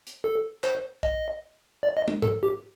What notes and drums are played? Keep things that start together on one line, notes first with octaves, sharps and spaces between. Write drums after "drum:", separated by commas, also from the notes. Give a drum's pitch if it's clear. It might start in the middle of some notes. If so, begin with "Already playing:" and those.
drum: hi-hat
A4
C5, drum: clap
D#5, drum: kick B1
D5
D#5
drum: tom
A4, drum: tom G#2
G4